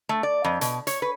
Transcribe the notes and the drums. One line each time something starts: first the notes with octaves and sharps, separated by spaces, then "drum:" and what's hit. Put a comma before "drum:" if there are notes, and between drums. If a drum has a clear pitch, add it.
A3
D5
F2
B2, drum: hi-hat
C#5, drum: hi-hat
B4